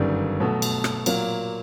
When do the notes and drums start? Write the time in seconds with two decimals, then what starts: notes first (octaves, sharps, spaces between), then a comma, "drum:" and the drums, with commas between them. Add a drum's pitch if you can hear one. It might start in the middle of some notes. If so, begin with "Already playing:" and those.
Already playing: G1 F#2 D#3 G3
0.40 B2 F#3 A3
0.62 drum: cymbal
0.84 drum: rim click
1.06 A#2 F#3 A#3, drum: cymbal